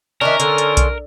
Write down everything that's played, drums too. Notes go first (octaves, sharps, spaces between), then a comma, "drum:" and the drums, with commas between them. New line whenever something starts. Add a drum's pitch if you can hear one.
D#3 C#4 D4 A#4 E5
D3 A4 C6, drum: hi-hat
drum: hi-hat
drum: kick B1, hi-hat